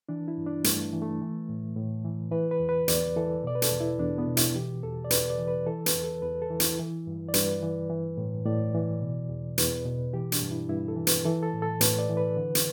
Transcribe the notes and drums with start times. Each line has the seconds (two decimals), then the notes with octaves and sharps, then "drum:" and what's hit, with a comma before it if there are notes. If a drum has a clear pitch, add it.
0.09 E3 D4
0.28 E4
0.38 G2
0.46 D4
0.64 G2 A3, drum: hi-hat
0.93 E3
1.02 A3
1.21 E3
1.49 A2
1.76 A2
2.05 E3
2.32 E3 B4
2.51 B4
2.60 E2
2.69 B4
2.88 E2 D5, drum: hi-hat
3.16 E3 A4
3.43 B2 D5
3.55 B4
3.62 A4, drum: hi-hat
3.71 E2
3.80 E4
3.99 E2 D4
4.18 B3
4.28 B2
4.37 E4, drum: hi-hat
4.55 E3 G4
4.83 E2 A4
5.05 D5
5.10 E2 B4, drum: hi-hat
5.30 D5
5.39 E3
5.48 B4
5.67 E3 A4
5.86 B4, drum: hi-hat
5.95 E2
6.04 A4
6.22 E2 B4
6.42 A4
6.50 E3
6.60 E4, drum: hi-hat
6.79 E3
7.07 G2
7.28 D5
7.34 G2 B4, drum: hi-hat
7.62 E3
7.90 E3
8.17 A2
8.45 A2 D5
8.74 E3
9.01 B2
9.29 E2
9.58 E2 B4, drum: hi-hat
9.85 B2
10.13 E3 G4
10.32 D4, drum: hi-hat
10.42 G2
10.51 E4
10.69 G2 E4
10.88 A4
10.97 E3
11.07 B4, drum: hi-hat
11.25 E3 A4
11.43 A4
11.53 A2
11.62 A4
11.81 A2 B4, drum: hi-hat
11.99 D5
12.09 E3
12.17 B4
12.37 D3
12.55 drum: hi-hat